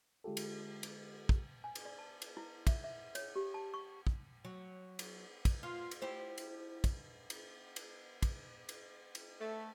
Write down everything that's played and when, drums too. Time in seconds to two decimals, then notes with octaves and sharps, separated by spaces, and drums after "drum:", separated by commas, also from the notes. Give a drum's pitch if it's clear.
0.24 D3 G#3 F4 G4 A4
0.37 drum: cymbal
0.83 drum: cymbal
1.29 drum: kick
1.64 G#5
1.75 drum: cymbal
1.85 D5
1.99 A5
2.22 drum: cymbal
2.37 E4
2.67 E5, drum: kick, cymbal
2.84 E5
3.15 C#5, drum: cymbal
3.36 G4
3.54 A5
3.74 C#6
4.07 drum: kick
4.45 F#3
4.99 drum: cymbal
5.45 drum: kick, cymbal
5.63 F4
5.91 drum: cymbal
6.02 E4 G4 C5
6.38 drum: cymbal
6.84 drum: kick, cymbal
7.30 drum: cymbal
7.76 drum: cymbal
8.22 drum: kick, cymbal
8.69 drum: cymbal
9.15 drum: cymbal
9.41 A3